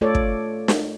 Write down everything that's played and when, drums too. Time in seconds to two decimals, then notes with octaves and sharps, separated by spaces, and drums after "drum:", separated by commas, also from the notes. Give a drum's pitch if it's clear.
0.01 A3 F4 A4 C#5 D5
0.15 drum: kick
0.68 drum: snare